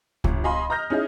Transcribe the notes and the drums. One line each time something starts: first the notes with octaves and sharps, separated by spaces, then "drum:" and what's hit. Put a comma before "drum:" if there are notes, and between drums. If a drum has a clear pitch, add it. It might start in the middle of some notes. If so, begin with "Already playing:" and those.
G1, drum: kick C#2
D#5 F5 G#5 B5 C6
D#5 A#5 D#6 F6 G6 A#6
C#4 D#4 E4 G#4 D#5